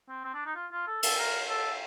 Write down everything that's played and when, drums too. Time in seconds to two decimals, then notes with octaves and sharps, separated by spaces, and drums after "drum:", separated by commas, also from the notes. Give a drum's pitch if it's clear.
0.09 C4
0.25 C4
0.34 D4
0.46 D#4
0.56 F4
0.72 F4
0.87 A4
1.03 A4, drum: cymbal
1.18 A#4
1.49 A4